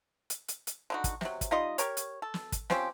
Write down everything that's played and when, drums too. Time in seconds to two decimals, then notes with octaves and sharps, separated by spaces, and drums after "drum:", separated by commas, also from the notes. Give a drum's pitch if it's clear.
0.30 drum: hi-hat
0.48 drum: hi-hat
0.67 drum: hi-hat
0.90 D3 D#4 F#4
1.04 drum: kick, hi-hat
1.21 C3 F#3, drum: snare
1.41 drum: kick, hi-hat
1.51 G3 D#4 F4 D#5
1.78 G4 A#4 C#5, drum: hi-hat
1.97 drum: hi-hat
2.22 A4
2.34 drum: snare
2.52 drum: kick, hi-hat
2.70 F3 C4 C#4 G4, drum: snare